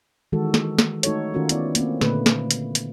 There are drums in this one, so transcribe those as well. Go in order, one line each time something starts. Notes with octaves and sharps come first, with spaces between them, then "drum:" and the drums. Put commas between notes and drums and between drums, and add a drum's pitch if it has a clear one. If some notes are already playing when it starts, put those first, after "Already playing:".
D#3 E3 G#3 F#4 A4
drum: snare
drum: snare
A3 D#4 F#4 A4 C#5, drum: hi-hat
D#3 C#4 F4 F#4 A#4
B3 E4 D5, drum: hi-hat
A#3 C4, drum: hi-hat
A#2 D3 A3 A#3 B4, drum: snare
drum: snare
drum: hi-hat
drum: hi-hat